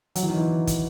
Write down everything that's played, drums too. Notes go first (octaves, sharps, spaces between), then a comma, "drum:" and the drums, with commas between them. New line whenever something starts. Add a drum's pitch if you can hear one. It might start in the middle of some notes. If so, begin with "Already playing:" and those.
F#3, drum: hi-hat
E3
D#3
E3
drum: kick, hi-hat